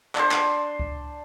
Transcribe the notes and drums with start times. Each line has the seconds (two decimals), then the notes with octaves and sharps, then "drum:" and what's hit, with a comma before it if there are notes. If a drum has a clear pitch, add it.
0.15 D4 C5, drum: clap
0.31 drum: clap
0.80 drum: kick C#2